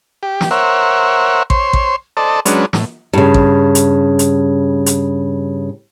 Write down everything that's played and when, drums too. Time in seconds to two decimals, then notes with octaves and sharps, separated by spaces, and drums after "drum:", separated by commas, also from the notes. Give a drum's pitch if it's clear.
0.23 G4
0.41 drum: snare
0.51 A#4 C5 C#5 E5 F#5
1.50 C5 C#5 C6, drum: kick A1
1.73 drum: kick A1
2.17 A4 C5 D5 D#5 A5
2.46 F#3 G#3 C#4 D4 B4, drum: hi-hat
2.73 A2, drum: snare
3.13 G2 C#3
3.34 drum: kick A1
3.75 drum: hi-hat
4.19 drum: hi-hat
4.86 drum: hi-hat